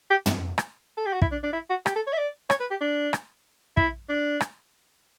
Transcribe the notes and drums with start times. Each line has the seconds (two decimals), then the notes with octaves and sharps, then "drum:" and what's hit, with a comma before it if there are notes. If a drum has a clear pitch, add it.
0.10 G4
0.26 drum: tom
0.58 drum: rim click
0.97 A4
1.06 G4
1.14 F#4
1.22 E4, drum: kick
1.32 D4
1.43 D4
1.53 E4
1.70 F#4
1.86 G4, drum: rim click
1.96 A4
2.07 C#5
2.13 E5
2.18 D5
2.50 C#5, drum: rim click
2.60 B4
2.71 G4
2.81 D4
3.13 drum: rim click
3.77 E4, drum: kick
4.09 D4
4.41 drum: rim click